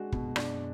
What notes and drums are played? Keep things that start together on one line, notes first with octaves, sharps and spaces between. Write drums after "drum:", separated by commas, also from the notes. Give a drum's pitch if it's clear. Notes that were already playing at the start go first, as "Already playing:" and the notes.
Already playing: G#3 D4 F#4
F#2 B2, drum: kick
D4, drum: rim click